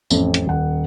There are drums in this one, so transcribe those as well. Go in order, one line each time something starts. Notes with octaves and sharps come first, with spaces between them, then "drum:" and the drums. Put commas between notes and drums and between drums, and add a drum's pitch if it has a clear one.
A1 F2, drum: tambourine
drum: hi-hat
D#1 F#5